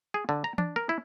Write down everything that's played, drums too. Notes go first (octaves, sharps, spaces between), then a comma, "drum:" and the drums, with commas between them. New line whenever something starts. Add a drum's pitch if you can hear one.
G#4
D3
A#5
D4, drum: tom E3
A#4
E4